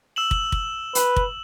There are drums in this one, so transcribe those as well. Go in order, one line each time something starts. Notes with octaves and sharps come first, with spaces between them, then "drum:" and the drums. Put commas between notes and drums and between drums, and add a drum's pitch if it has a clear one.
E6 E7 F#7
drum: kick
drum: kick
B4, drum: hi-hat
drum: kick